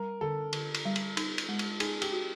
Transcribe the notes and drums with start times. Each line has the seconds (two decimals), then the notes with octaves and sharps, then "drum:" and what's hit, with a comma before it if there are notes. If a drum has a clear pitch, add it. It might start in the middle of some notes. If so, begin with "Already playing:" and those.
Already playing: G3 A#4
0.21 D3 A4
0.53 D3, drum: cymbal
0.74 drum: cymbal
0.85 G3
0.96 drum: cymbal
1.17 D#4, drum: cymbal
1.38 drum: cymbal
1.49 G#3
1.59 drum: cymbal
1.80 D#4 G#4, drum: cymbal
2.02 G4, drum: cymbal
2.12 F#4